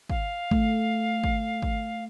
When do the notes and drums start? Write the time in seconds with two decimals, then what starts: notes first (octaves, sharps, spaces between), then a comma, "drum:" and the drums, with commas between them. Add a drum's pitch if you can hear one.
0.09 F5, drum: kick
0.51 A3, drum: kick
1.24 drum: kick
1.62 drum: kick